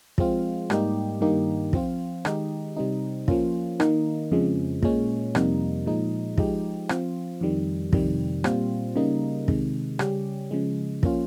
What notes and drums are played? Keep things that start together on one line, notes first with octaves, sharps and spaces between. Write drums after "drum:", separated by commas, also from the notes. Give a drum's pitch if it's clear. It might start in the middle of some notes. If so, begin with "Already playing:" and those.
F3 G#3 C4 F4, drum: kick
G#2 G3 A#3 D#4 G4, drum: rim click
G2 D#3 A#3 D#4 G4
F3 C4 F4, drum: kick
D#3 G#3 D#4 G4, drum: rim click
C3 G3 C4 D#4
F3 A#3 C#4 F4, drum: kick
D#3 A#3 D#4, drum: rim click
F2 C#3 F3 G#3
A#2 G#3 C#4, drum: kick
F2 C3 G3 A#3 D#4, drum: rim click
A#2 F3 G#3 D#4
F3 G#3 D#4 G4, drum: kick
F3 C4 F4, drum: rim click
F2 D#3 G3
F2 C3 D#3 G3, drum: kick
A#2 G3 C4 F4, drum: rim click
C#3 G3 A#3 D#4
C3 D#3 G#3, drum: kick
C#3 G3 C#4 G4, drum: rim click
C#3 F3 G#3
F3 A#3 C#4 F4, drum: kick